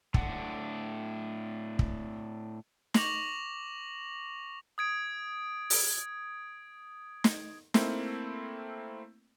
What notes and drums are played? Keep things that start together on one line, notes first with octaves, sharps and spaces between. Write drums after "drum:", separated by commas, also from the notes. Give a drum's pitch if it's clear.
A2 D4 F#5, drum: kick
drum: kick
C#6 D6 A#6 F7 F#7, drum: snare
D#6 G#6 D7
drum: open hi-hat
drum: snare
A3 A#3 C4 E4, drum: snare